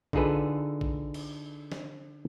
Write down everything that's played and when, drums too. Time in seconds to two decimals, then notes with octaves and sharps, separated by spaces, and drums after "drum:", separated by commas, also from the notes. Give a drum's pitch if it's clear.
0.13 D3 D#4 F4 G#4 A4 B4, drum: kick A1
0.81 drum: kick A1
1.14 drum: cymbal
1.72 drum: snare